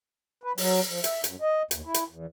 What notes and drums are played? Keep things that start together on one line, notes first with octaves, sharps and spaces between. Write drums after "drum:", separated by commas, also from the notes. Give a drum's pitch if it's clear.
B4
F#3, drum: open hi-hat
F3
E5, drum: hi-hat
F#2, drum: hi-hat
D#5
D#2, drum: hi-hat
E4
drum: hi-hat
E2